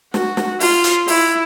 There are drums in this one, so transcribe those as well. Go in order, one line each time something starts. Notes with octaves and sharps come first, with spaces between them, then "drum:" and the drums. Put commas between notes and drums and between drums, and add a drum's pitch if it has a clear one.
F#4, drum: snare
drum: snare
F4, drum: open hi-hat
drum: hi-hat
E4, drum: open hi-hat